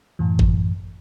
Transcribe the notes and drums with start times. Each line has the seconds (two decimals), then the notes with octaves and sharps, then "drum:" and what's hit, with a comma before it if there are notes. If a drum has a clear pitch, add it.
0.19 F#2 A2 E3
0.39 drum: kick G#1